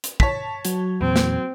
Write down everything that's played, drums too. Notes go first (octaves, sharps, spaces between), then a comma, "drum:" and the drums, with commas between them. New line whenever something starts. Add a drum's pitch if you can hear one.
drum: hi-hat
C#5 A5 B6, drum: kick
F#3 F#4 G#6, drum: hi-hat
E2 A#2 C4
drum: snare